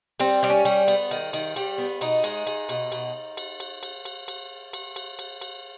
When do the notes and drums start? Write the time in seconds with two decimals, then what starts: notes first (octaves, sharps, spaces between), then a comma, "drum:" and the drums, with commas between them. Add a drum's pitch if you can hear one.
0.20 G3 C4, drum: cymbal
0.43 G3 D4
0.50 C#4
0.65 G3, drum: cymbal
0.88 B3, drum: cymbal
1.11 D#3, drum: cymbal
1.33 D#3, drum: cymbal
1.56 G3, drum: cymbal
1.78 B3
2.01 B2 D#4, drum: cymbal
2.24 G#3, drum: cymbal
2.47 G#3, drum: cymbal
2.69 B2, drum: cymbal
2.92 B2, drum: cymbal
3.37 drum: cymbal
3.60 drum: cymbal
3.83 drum: cymbal
4.05 drum: cymbal
4.28 drum: cymbal
4.73 drum: cymbal
4.96 drum: cymbal
5.19 drum: cymbal
5.41 drum: cymbal